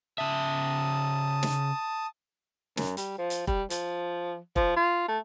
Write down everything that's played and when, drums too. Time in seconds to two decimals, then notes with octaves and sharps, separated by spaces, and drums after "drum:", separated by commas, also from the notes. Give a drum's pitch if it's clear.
0.18 C#3 E5 A5 D#6
1.43 drum: snare
2.77 F#2, drum: snare
2.97 G3, drum: hi-hat
3.18 F3
3.30 drum: hi-hat
3.47 G3, drum: kick
3.70 F3, drum: hi-hat
4.56 F3, drum: kick
4.77 F4
5.08 A3